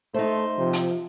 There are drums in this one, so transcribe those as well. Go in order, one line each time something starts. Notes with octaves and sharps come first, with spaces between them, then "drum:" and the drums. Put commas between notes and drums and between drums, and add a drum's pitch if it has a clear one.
A3 D#4 C5
C3 F3
drum: hi-hat